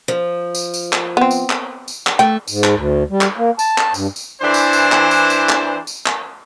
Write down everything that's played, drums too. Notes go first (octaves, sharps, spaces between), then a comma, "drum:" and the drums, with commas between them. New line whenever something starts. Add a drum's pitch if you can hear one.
F3
drum: tambourine
drum: tambourine
drum: clap
B3 C4
drum: tambourine
drum: clap
drum: tambourine
drum: clap
A3 G5
G#2, drum: tambourine
drum: clap
D2
G3
drum: clap
A#3
A5, drum: tambourine
drum: clap
G2, drum: tambourine
drum: tambourine
E3 D4 C5
drum: tambourine
drum: tambourine
drum: clap
drum: tambourine
drum: tambourine
drum: clap
drum: tambourine
drum: clap